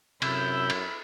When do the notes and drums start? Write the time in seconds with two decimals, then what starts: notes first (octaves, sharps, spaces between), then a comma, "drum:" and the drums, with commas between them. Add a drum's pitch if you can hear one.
0.22 F#2 C3 E4 E6 G6, drum: cymbal
0.70 drum: cymbal